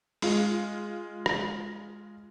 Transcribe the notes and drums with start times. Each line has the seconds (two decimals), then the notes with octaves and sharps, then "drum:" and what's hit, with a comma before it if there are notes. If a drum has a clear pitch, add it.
0.22 G#3 F4, drum: open hi-hat
1.26 drum: rim click